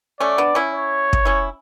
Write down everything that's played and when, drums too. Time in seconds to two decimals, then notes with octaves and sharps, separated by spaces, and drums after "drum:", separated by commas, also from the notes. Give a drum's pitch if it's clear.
0.20 A3 C#4 D5
0.38 B3 D4
0.55 C#4 E4
0.73 C#5
1.13 drum: kick
1.25 C#4 E4